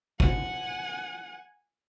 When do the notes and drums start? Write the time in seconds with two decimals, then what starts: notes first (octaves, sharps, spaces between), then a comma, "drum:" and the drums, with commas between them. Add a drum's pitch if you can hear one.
0.20 F#5 G#5, drum: kick